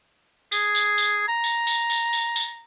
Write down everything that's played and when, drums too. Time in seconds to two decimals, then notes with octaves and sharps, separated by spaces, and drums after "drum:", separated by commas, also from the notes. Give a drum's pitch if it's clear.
0.52 G#4, drum: tambourine
0.75 drum: tambourine
0.98 drum: tambourine
1.28 A#5
1.44 drum: tambourine
1.67 drum: tambourine
1.90 drum: tambourine
2.13 drum: tambourine
2.36 drum: tambourine